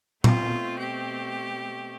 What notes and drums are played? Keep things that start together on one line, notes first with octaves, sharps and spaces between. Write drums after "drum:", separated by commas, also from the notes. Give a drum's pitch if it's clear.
B2 A3 C4 F4, drum: tom A#2
G4